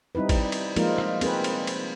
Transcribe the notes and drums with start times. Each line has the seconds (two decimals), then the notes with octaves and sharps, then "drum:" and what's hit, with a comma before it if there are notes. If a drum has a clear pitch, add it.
0.15 G3 C4 D#4 E4 B4
0.29 drum: kick, cymbal
0.52 drum: cymbal
0.76 F3 G#3 A#3 D#4 F4 A#4, drum: cymbal
0.98 drum: rim click
1.21 C4 G#4 A#4 B4, drum: cymbal
1.44 drum: cymbal
1.67 drum: cymbal